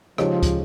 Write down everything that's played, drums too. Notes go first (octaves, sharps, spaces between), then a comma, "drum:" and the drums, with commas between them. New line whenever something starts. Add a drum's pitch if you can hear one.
C#3 F3 G#3 D#4 G4 C#5, drum: rim click
drum: kick, hi-hat